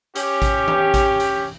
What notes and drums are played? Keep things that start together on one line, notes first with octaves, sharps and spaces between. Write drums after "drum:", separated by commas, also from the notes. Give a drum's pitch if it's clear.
C#4 G4, drum: hi-hat
drum: kick A1, hi-hat
drum: tom
drum: kick A1, hi-hat
drum: hi-hat